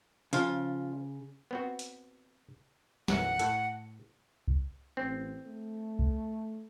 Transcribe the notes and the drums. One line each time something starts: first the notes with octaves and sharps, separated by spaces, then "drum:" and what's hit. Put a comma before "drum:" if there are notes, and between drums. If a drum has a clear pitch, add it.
C#3 F3 F4, drum: hi-hat
B3 C4 F#4
drum: hi-hat
B1 F#2 E3 F#5, drum: snare
A2 A4, drum: hi-hat
drum: kick C2
A1 C4
A3
drum: kick C2